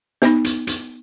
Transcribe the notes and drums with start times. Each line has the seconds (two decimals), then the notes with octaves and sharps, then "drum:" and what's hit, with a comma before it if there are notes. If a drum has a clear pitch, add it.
0.22 B3 D#4, drum: snare
0.44 drum: hi-hat
0.67 drum: hi-hat